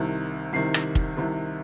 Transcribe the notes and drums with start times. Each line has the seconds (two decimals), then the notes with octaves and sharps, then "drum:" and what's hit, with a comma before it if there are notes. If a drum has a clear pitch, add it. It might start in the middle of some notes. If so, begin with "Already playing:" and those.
Already playing: C2 C3 D#3
0.53 C2 C3 D#3 C7
0.74 drum: rim click
0.95 drum: kick
1.17 C2 C3 D#3